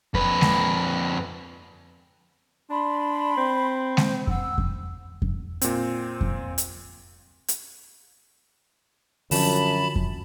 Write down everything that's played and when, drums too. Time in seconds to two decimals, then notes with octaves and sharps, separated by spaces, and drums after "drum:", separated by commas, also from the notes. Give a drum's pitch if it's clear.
0.14 F2 B4, drum: kick F2
0.41 drum: snare G#3
2.70 D4 B5 C6
3.37 C4
3.97 drum: snare G#3
4.27 F#5 E6, drum: kick F2
4.58 drum: kick F2
5.22 drum: kick F2
5.61 A#2 C4, drum: hi-hat
6.21 drum: kick F2
6.58 drum: hi-hat
7.48 drum: hi-hat
9.31 F#2 D3 F3 A5 B5, drum: open hi-hat
9.96 drum: kick F2